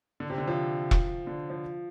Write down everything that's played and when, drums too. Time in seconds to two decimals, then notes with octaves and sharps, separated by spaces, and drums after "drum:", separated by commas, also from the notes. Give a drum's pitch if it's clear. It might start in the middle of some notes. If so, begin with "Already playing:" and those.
0.20 D3
0.30 C3
0.38 D3
0.48 F3
0.91 drum: kick E1
1.27 D3
1.50 F3